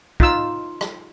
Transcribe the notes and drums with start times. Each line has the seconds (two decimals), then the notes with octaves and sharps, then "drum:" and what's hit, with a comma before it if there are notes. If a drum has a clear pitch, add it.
0.20 D#4 F4 E6, drum: kick
0.81 drum: rim click